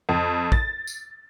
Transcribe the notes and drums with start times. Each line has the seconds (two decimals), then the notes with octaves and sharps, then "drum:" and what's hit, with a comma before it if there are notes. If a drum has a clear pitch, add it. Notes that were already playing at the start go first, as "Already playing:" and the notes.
0.09 F2
0.52 A6, drum: kick
0.87 drum: tambourine